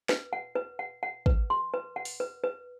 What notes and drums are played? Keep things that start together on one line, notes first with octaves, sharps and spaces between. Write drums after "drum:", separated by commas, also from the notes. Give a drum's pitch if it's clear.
B4, drum: snare
F#5
B4
F#5
F#5
B4, drum: kick
C6
B4
F#5
drum: open hi-hat
B4
B4